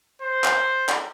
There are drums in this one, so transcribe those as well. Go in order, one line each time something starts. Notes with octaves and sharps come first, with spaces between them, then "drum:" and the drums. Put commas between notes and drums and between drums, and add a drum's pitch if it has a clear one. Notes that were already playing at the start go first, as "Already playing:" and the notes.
C5
drum: clap
drum: clap